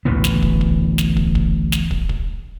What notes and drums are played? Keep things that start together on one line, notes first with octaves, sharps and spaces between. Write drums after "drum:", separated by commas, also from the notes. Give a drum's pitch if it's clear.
A1 D2 E3 B3
drum: snare
drum: kick
drum: kick
drum: snare
drum: kick
drum: kick
drum: snare
drum: kick
drum: kick